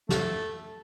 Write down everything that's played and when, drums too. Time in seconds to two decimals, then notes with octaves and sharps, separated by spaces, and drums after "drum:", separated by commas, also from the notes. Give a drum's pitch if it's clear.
0.09 A3, drum: snare